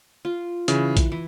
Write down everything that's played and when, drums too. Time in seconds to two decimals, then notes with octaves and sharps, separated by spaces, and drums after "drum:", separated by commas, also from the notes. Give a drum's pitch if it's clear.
0.25 F4
0.68 C#3 E3, drum: hi-hat
0.97 drum: kick A#1, hi-hat
1.12 E3